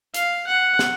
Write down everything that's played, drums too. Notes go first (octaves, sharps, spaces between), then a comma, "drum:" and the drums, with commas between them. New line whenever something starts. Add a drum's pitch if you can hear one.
F5, drum: hi-hat
F#5
drum: snare